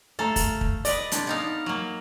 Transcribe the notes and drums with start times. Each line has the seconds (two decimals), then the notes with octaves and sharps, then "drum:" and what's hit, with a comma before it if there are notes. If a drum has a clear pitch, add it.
0.19 A3 A4 F5 A#5
0.36 drum: kick, open hi-hat
0.61 drum: kick
0.85 B4 D5 D#5 D7, drum: open hi-hat
1.12 C3 D4, drum: hi-hat
1.27 B3 D#4 F5
1.66 F#3 A#3